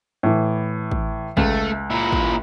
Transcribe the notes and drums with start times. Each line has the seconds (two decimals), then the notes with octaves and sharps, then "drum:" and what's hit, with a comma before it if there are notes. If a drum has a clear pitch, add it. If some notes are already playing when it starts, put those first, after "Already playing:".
0.23 A2 E3
0.91 drum: kick
1.37 C#2 A3, drum: kick
1.90 A#2 E4
2.12 drum: kick